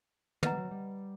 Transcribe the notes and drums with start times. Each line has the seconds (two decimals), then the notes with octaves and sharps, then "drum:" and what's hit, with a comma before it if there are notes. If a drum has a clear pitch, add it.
0.43 E3 B4 D#5 F#5 A#5, drum: tom
0.52 G3
0.57 F#3
0.71 G3